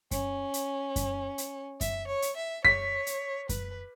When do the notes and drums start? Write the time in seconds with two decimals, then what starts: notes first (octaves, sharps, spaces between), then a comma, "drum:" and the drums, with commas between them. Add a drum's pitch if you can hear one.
0.11 C#4, drum: kick F#2, hi-hat
0.54 drum: hi-hat
0.96 drum: kick F#2, hi-hat
1.38 drum: hi-hat
1.81 E5, drum: kick F#2, hi-hat
2.08 C#5
2.22 drum: hi-hat
2.37 E5
2.65 C#5 B6, drum: kick F#2
3.07 drum: hi-hat
3.49 B4, drum: kick F#2, hi-hat